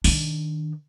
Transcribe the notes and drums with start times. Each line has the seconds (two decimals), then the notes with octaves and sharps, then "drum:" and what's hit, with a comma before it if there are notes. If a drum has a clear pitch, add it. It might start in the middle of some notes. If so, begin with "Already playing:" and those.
0.04 D#3 D4, drum: open hi-hat